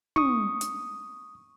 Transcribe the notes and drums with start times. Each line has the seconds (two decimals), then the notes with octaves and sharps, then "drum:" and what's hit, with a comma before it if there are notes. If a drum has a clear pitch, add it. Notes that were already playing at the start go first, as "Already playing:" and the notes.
0.16 C#6 D#6, drum: tom
0.61 drum: hi-hat